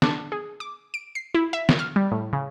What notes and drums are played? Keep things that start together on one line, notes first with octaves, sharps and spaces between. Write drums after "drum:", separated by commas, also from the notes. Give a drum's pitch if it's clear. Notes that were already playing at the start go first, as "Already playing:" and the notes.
D4, drum: snare
G#4
D6
D7
C7
E4
E5
drum: snare
F6
G3
A2
C#3